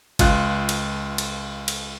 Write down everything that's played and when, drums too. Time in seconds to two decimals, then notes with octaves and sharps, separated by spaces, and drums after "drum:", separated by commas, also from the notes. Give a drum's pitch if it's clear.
0.19 C#2 F4 F#6, drum: kick G1, cymbal
0.69 drum: cymbal
1.18 drum: cymbal
1.68 drum: cymbal